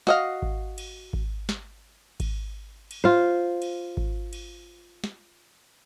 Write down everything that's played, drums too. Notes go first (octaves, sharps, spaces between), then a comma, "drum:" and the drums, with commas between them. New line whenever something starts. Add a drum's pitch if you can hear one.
F#4 D#5 F5, drum: snare
drum: kick G#1
drum: cymbal
drum: kick G#1
drum: snare
drum: kick G#1, cymbal
drum: cymbal
F4 C5
drum: cymbal
drum: kick G#1
drum: cymbal
drum: snare